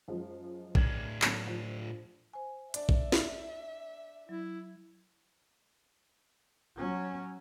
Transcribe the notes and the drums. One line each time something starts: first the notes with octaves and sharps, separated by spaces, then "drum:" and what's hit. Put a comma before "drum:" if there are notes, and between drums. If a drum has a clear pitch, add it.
F#2 F3 G#3
A2 D4 F6 G#6 F#7, drum: kick A#1
F#3 A3, drum: clap
F3
C5 G#5
D4 D5 E5, drum: hi-hat
drum: kick A#1
drum: snare
F#3 E4
F#3 C#4